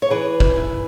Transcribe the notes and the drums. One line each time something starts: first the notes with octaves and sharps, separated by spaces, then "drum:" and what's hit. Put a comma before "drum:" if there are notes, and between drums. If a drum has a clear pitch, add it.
C#5
E3 G#4 B4
drum: kick
E3